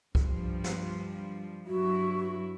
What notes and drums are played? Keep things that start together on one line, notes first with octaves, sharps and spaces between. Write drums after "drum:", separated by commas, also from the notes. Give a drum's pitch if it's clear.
G2 F3 G3, drum: kick C2
drum: snare
G2 F#3 E4 F#4